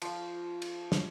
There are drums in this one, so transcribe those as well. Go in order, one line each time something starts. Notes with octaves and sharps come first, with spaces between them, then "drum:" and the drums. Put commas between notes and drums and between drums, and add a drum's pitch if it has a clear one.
F3 C5 F5, drum: cymbal
drum: cymbal
drum: snare